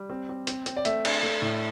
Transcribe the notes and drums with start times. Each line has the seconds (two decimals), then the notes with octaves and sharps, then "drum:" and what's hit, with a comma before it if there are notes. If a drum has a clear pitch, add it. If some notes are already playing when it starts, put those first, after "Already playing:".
Already playing: G3
0.10 C4
0.29 C4
0.47 C4, drum: hi-hat
0.66 C4, drum: hi-hat
0.77 D5
0.85 A3 E5, drum: hi-hat
1.05 D4, drum: cymbal
1.23 A3
1.42 A2